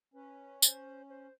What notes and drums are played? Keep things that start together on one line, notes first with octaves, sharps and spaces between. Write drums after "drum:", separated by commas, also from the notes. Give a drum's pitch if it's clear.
C#4 B4
C5, drum: tambourine
C5